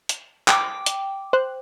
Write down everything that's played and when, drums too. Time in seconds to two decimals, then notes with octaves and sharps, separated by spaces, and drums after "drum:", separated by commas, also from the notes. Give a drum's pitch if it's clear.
0.09 drum: hi-hat
0.48 G5 D6, drum: clap
0.86 drum: hi-hat
1.33 C5 F#6